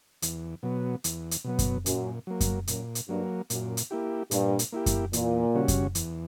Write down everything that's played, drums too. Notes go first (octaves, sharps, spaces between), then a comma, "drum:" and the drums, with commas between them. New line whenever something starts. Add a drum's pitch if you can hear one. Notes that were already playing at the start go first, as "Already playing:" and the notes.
E2, drum: hi-hat
B2 F#3 B3
E2, drum: hi-hat
drum: hi-hat
B2 F#3 B3
drum: kick F#2, hi-hat
F#2 A#2, drum: hi-hat
F#3 A#3
drum: kick F#2, hi-hat
F#2 A#2, drum: hi-hat
drum: hi-hat
G2 F#3 A#3
F#2 A#2, drum: hi-hat
drum: hi-hat
A#3 E4 G4
G2 A#2, drum: hi-hat
drum: hi-hat
A#3 E4 G4
drum: kick F#2, hi-hat
E2 A#2, drum: hi-hat
C#3 G3 C#4 F#4
drum: kick F#2, hi-hat
E2, drum: hi-hat